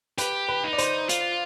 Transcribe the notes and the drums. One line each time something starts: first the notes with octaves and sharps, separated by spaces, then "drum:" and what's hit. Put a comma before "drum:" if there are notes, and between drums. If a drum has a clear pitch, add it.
G4 B4, drum: hi-hat
B4
D#4
D5
C5, drum: hi-hat
F4, drum: hi-hat